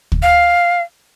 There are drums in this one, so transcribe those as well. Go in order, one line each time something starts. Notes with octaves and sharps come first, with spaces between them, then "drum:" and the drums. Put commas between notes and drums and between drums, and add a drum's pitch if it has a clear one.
drum: kick
F5